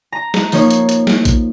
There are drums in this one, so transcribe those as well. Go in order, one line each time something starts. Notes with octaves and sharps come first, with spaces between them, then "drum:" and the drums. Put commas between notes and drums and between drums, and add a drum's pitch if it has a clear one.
A#5
drum: snare
F3 A#3 D#4 C#5, drum: open hi-hat
drum: hi-hat
drum: hi-hat
drum: snare
drum: kick, hi-hat